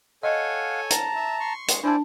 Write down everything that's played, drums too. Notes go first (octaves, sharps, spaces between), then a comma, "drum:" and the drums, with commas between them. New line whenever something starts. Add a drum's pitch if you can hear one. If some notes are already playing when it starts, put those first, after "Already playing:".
A4 C#5 D#5 F5 F#5 G#5
A5 A#5, drum: hi-hat
E5
C6 C#6
G#3, drum: hi-hat
D4 E4 C5 D5 G#5 A5